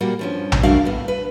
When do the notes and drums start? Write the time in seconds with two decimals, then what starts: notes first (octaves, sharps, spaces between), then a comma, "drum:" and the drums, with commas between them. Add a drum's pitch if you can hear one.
0.01 A#2 G3 A#3 F#4
0.19 G2 F3 C#4
0.52 drum: tom A#1
0.63 G3 A3 D4 F#4 A#4 F5
0.85 A2 B3
1.08 B4